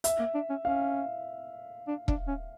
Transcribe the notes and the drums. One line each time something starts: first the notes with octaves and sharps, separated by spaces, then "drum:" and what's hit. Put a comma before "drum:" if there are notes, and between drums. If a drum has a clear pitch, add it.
E5, drum: hi-hat
A#3
D4
C#4
C#4 F5
D4
D4, drum: kick E1
C#4